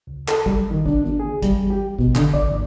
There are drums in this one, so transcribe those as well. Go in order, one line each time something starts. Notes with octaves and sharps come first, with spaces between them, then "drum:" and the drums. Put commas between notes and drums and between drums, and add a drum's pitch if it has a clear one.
C#2
A4, drum: clap
G3, drum: kick G#1
D#3
D4, drum: kick G#1
drum: tom E3
G#4
G3, drum: kick G#1, hi-hat
G4
B2, drum: kick G#1
D3, drum: clap
D5, drum: kick G#1
drum: tom